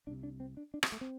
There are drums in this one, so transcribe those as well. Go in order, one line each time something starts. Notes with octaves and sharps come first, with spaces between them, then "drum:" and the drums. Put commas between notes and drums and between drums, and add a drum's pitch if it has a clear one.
C2 C3 D4
D4
C4
D4
D4
C4, drum: rim click
A3
C4